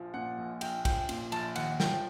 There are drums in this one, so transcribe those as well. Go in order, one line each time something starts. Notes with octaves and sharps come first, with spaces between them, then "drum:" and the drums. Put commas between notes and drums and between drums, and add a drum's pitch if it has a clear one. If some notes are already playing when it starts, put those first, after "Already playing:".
Already playing: A#1 F3
A#2 F#5
A#1
A#1 G5, drum: cymbal
F3 G5, drum: kick, cymbal
A#2, drum: cymbal
A#1 A5, drum: cymbal
D#2 F#5, drum: cymbal
F3 G5, drum: snare